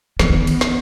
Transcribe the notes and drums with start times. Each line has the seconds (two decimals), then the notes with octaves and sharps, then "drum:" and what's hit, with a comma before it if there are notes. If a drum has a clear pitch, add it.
0.19 F3 B3, drum: snare
0.30 D#3
0.47 drum: cymbal
0.61 drum: snare